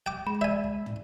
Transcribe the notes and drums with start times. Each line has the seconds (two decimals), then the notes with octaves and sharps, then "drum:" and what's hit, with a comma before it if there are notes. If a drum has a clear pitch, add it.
0.06 G5 D6
0.27 G#3 B5
0.41 D5 E5 G#5
0.64 drum: kick
0.86 drum: tom